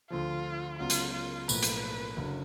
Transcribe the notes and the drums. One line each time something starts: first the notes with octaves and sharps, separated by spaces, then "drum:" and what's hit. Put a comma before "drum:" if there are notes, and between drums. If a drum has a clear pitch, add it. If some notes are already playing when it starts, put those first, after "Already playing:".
D2 D3 F3 F4
C#2 C#3 F#3 B3 F4
drum: hi-hat
F4
B1 A2 F3 A#3 B4, drum: tambourine
drum: hi-hat
F#1 F#2 D3 F#3